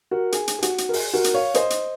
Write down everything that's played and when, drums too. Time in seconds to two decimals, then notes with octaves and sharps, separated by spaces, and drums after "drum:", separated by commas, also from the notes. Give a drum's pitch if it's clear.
0.11 F#4 A#4
0.32 G#4, drum: hi-hat
0.48 drum: hi-hat
0.59 G#4
0.62 F#4, drum: hi-hat
0.78 drum: hi-hat
0.89 A#4
0.93 G#4, drum: open hi-hat
1.14 F#4 A#4
1.24 drum: hi-hat
1.34 C#5 F5
1.54 C5 D#5, drum: hi-hat
1.70 drum: hi-hat